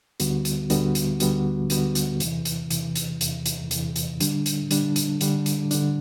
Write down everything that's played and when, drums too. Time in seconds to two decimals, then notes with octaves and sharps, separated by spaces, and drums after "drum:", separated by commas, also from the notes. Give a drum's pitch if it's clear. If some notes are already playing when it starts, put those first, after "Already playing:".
0.20 D2 D3 G3 B3 F#4, drum: hi-hat
0.45 drum: hi-hat
0.70 D2 D3 G3 B3 F#4, drum: hi-hat
0.95 drum: hi-hat
1.20 D2 D3 G3 B3 F#4, drum: hi-hat
1.70 D2 D3 G3 B3 F#4, drum: hi-hat
1.95 drum: hi-hat
2.20 E2 C3 E3, drum: hi-hat
2.45 drum: hi-hat
2.70 E2 C3 E3, drum: hi-hat
2.95 drum: hi-hat
3.21 E2 C3 E3, drum: hi-hat
3.46 drum: hi-hat
3.71 E2 C3 E3, drum: hi-hat
3.96 drum: hi-hat
4.20 D3 G3 D4, drum: hi-hat
4.46 drum: hi-hat
4.71 D3 G3 D4, drum: hi-hat
4.96 drum: hi-hat
5.21 D3 G3 D4, drum: hi-hat
5.46 drum: hi-hat
5.71 D3 G3 D4, drum: hi-hat